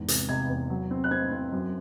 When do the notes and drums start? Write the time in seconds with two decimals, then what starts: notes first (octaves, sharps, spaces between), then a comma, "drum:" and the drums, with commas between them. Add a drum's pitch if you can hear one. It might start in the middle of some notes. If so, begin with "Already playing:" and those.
Already playing: E2 G#2
0.08 C3, drum: hi-hat
0.29 C3 G#6
0.49 E2
0.70 F#3
0.91 C4
1.04 F#6
1.11 C4 G#6
1.32 C4
1.52 F#2